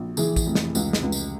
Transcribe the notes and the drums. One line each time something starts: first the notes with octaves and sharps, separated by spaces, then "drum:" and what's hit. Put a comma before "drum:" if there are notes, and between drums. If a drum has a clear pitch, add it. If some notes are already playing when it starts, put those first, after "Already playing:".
Already playing: A#1
E3 G#4, drum: tambourine
drum: kick, tambourine
F1
drum: snare
C#2, drum: tambourine
drum: snare
C#2
drum: tambourine